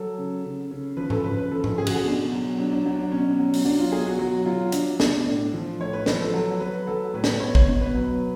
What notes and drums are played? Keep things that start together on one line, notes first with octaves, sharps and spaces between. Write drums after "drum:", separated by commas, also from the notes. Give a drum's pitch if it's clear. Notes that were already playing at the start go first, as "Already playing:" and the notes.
Already playing: F#3 A4
C#3
C#3
C#3
F3 B4
A4, drum: tom G#2
C#3 B4
B4
F3 A4
drum: tom G#2
C#3 G#4
F#4, drum: cymbal
G#4
B2 D4
F#3
F#3 D4
D4
F#3 D4
D4
B2 C#4
F#3
drum: open hi-hat
F#3 D4
F4
B2 G#4
F#4
F#3 F#4
F#3 F4
F#3 D4, drum: hi-hat
B2 D4, drum: snare
A2 D4
F3
A2 C#5
B4
F3 B4, drum: snare
A4
F#3 A4
F#3 B4
F#3 A4
A2 B4
drum: snare
B2 C#5
C#5, drum: kick
B2
B4
F#3